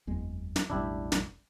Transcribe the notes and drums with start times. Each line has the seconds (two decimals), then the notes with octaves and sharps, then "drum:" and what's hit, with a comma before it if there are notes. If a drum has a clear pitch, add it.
0.07 F#1 E2 G#3
0.56 drum: snare
0.70 E1 A1 G3 D4 E4 G4
1.12 drum: snare